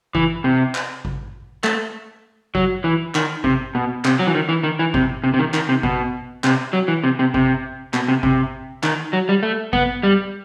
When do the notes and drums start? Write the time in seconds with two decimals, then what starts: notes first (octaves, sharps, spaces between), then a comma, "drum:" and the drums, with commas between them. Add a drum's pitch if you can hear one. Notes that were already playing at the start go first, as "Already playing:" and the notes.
0.15 E3, drum: kick G#1
0.44 C3
0.75 drum: clap
1.05 drum: kick G#1
1.64 A3, drum: clap
2.55 F#3, drum: kick G#1
2.84 E3
3.15 D#3, drum: clap
3.44 C3, drum: kick G#1
3.75 B2
4.05 C3, drum: clap
4.19 F#3
4.27 E3
4.35 D#3
4.49 E3
4.63 D#3
4.79 E3
4.94 C3, drum: kick G#1
5.24 C3
5.34 C3
5.39 D#3
5.54 D#3, drum: clap
5.69 C3
5.83 B2, drum: kick G#1
6.44 C3, drum: clap
6.73 F#3
6.88 E3
7.04 C3
7.19 C3
7.34 C3, drum: kick G#1
7.94 B2, drum: clap
8.08 C3
8.23 C3, drum: kick G#1
8.83 D#3, drum: clap
9.13 F#3
9.29 G3
9.43 A3
9.73 B3, drum: kick G#1
10.03 G3